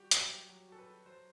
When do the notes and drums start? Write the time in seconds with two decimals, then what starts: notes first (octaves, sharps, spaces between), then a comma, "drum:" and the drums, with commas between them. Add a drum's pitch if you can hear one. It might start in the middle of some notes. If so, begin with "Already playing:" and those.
Already playing: G3 F#4 G4
0.11 F#3, drum: hi-hat
0.22 G4
0.30 F#4
0.49 F#3
0.69 F#4 A4
0.79 B4
0.87 F#4
1.06 F#3 C5